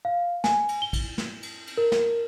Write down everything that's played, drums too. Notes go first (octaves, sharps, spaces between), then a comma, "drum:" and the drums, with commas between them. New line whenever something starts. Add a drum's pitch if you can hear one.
F5
G#5, drum: snare
drum: cymbal
G7
drum: kick, cymbal
drum: snare
drum: cymbal
drum: cymbal
A#4
drum: snare